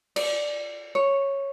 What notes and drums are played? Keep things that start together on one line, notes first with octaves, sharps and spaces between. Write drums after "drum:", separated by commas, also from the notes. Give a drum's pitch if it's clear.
D5, drum: cymbal
C#5